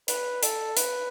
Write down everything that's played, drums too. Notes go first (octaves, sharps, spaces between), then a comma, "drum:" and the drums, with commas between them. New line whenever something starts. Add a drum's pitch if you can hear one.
B4, drum: hi-hat
A4, drum: hi-hat
B4, drum: hi-hat